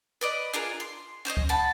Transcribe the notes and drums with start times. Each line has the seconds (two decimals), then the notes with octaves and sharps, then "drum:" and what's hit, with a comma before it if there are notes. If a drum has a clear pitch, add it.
0.21 B4 D5 D#5
0.53 D4 F4 G#4 A#4
0.80 C6
1.25 C#4 C5 C#5 D#5
1.37 drum: kick D2
1.49 F#5 A5 B5